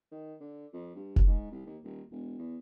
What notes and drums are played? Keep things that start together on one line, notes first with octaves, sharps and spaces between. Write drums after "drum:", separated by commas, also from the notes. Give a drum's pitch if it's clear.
D#3
D3
F2
G2
drum: kick F1
G#2
C2
D#2
D#1
E1
E2